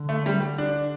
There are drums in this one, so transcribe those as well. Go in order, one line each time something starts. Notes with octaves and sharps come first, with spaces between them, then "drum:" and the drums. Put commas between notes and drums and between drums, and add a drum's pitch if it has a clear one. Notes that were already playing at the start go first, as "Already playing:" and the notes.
Already playing: D3
A3, drum: hi-hat
G3, drum: hi-hat
drum: open hi-hat
D4, drum: open hi-hat
drum: hi-hat